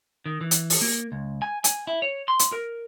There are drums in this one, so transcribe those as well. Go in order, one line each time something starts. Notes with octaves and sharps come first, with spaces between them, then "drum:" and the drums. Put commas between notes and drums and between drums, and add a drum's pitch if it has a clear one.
D#3
E3
drum: hi-hat
drum: open hi-hat
A#3
C#2
G#5
G#5, drum: hi-hat
E4
C#5
C6
drum: hi-hat
A#4